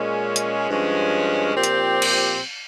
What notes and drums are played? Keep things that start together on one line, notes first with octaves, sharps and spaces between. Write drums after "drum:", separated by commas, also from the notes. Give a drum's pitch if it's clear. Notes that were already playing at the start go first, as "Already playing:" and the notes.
Already playing: A#2 G#3 C#4
drum: hi-hat
G2 F3 G#3 C#4
A#2 F3 C4 G4
drum: hi-hat
drum: cymbal